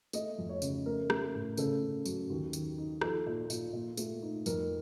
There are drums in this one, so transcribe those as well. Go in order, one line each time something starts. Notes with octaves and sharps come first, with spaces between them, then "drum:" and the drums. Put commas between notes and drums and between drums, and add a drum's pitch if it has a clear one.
A3 D#5, drum: tambourine
F2
C#5
C#3, drum: tambourine
A3 A#4
A3, drum: rim click
A2
C#3 A4, drum: tambourine
C#3
F#2, drum: tambourine
D#2
D#3, drum: tambourine
D#4
F3 A4, drum: rim click
A#2
A#2, drum: tambourine
A#2
A3, drum: tambourine
D#4
F2 A#4, drum: tambourine